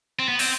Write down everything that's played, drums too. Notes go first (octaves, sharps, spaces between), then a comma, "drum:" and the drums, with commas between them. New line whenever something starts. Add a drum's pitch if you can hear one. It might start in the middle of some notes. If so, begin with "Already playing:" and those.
C4
B3
C4, drum: open hi-hat